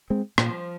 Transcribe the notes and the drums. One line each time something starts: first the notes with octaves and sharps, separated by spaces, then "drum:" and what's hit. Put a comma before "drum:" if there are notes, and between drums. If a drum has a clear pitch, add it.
G#3 C4
A#2 F3, drum: rim click